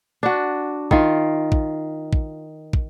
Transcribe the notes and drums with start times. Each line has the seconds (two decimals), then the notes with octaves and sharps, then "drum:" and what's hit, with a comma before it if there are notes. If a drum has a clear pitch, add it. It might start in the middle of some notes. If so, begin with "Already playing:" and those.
0.23 D4 F#4
0.91 D#3 F4, drum: kick
1.52 drum: kick
2.13 drum: kick
2.73 drum: kick